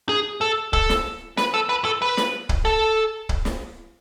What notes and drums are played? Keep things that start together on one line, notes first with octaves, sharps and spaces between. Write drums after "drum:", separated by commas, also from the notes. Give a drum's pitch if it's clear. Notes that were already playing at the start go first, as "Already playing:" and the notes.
G#4
A4
A4, drum: kick
drum: snare
B4, drum: snare
A4
B4
A4
B4
drum: snare
drum: kick
A4
drum: kick
drum: snare